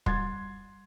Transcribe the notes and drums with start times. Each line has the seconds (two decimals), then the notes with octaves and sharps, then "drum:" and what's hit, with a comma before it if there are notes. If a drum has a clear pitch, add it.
0.06 G3 C6 G#6 A6, drum: kick